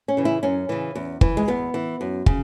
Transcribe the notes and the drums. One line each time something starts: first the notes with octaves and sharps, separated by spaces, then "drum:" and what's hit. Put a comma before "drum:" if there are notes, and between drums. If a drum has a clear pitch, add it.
C#4
C#3 E3
E4
F#2 C#4
C#3 E3
E2
E3, drum: kick
G#3
E2 B3
E3
F#2
C#3, drum: kick